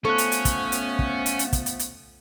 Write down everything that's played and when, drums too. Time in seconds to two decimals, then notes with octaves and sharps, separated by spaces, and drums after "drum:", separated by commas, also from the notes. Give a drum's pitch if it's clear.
0.05 F3 A3 B3 C#4 A4 C#6 F#6
0.18 drum: hi-hat
0.32 drum: hi-hat
0.45 drum: kick, hi-hat
0.72 drum: hi-hat
0.99 drum: kick
1.26 drum: hi-hat
1.39 drum: hi-hat
1.53 drum: kick, hi-hat
1.66 drum: hi-hat
1.79 drum: hi-hat